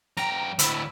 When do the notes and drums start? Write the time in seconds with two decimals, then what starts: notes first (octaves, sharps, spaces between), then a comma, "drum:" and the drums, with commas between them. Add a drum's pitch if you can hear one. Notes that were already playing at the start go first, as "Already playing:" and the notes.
0.17 F#2 G5 A#5
0.59 D2 A2 B5 E6, drum: hi-hat